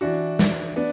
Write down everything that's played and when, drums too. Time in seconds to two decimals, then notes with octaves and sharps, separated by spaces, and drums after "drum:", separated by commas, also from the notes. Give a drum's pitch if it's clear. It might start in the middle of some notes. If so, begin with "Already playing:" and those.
0.01 E3 D4 F#4
0.39 drum: snare
0.76 B3 D4